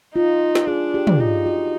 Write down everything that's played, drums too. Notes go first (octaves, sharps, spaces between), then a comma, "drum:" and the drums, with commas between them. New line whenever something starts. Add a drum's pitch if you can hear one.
D#4 F4
drum: snare
D4 G#4
G4
drum: tom
D#4 F4
F#4